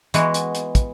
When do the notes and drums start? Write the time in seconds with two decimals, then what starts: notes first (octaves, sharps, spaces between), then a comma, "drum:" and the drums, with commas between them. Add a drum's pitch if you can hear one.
0.14 E3 G#3 B3 F#4, drum: hi-hat
0.34 drum: hi-hat
0.55 drum: hi-hat
0.75 drum: kick, hi-hat